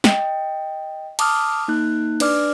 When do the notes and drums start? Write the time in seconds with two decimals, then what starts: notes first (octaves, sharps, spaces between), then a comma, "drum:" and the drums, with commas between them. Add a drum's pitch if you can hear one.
0.04 D#5 G5, drum: snare
1.19 A5 D6 D#6 F6, drum: cymbal
1.68 A#3 D#4 F#6
2.20 D4 B4 D5 D6 F6, drum: cymbal